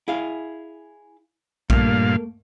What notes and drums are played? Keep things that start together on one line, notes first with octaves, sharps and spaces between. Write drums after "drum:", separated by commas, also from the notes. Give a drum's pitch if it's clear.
E4 G#4 F5
G2 A#2 A3 A#3 F5, drum: kick A#1